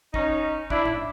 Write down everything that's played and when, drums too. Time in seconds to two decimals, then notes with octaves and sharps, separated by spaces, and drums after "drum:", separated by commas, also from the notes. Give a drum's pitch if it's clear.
0.14 C#4 D#4, drum: kick
0.70 D4 E4, drum: kick
0.85 drum: tom A2